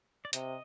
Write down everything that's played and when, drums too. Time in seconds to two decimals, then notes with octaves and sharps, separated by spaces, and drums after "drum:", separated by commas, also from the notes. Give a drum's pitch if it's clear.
0.25 D5
0.33 C3 D#5, drum: hi-hat